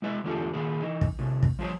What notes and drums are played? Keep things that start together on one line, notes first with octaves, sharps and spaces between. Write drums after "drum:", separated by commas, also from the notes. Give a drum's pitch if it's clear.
G#3 E4 B4 E5
E2 D3 A3 F4 G4 A4
A#2 D#3 G#4 B4
E3 D#4
drum: kick
A2 C3
drum: kick
F3 G3 C5 C#5 A#5